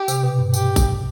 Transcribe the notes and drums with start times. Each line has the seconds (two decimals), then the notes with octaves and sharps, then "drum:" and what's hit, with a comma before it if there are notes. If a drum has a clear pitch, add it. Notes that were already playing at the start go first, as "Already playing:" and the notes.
Already playing: G4
0.08 C3, drum: tambourine
0.23 B2
0.39 G2
0.54 G4, drum: tambourine
0.76 drum: kick A1, tambourine